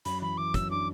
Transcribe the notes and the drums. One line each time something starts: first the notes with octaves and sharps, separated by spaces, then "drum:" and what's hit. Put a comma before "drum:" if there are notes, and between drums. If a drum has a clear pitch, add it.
F#2 B5, drum: hi-hat
E3 B5
E3 D6
F#2 E6, drum: kick, hi-hat
D4 D6